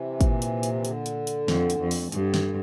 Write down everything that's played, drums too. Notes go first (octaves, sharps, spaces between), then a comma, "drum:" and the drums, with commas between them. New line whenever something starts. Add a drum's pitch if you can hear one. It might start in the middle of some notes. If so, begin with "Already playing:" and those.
Already playing: C3 E3
A#2, drum: kick, hi-hat
drum: hi-hat
drum: hi-hat
E3
D3, drum: hi-hat
drum: hi-hat
drum: hi-hat
F2, drum: snare
drum: hi-hat
F2
drum: open hi-hat
C3
G2 D3, drum: hi-hat
drum: snare